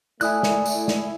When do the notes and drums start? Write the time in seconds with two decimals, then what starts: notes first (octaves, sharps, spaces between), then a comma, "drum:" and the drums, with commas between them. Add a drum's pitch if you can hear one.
0.21 A3 E4 D5 G#5 D#6 F#6, drum: tambourine
0.43 drum: snare
0.66 drum: tambourine
0.88 drum: snare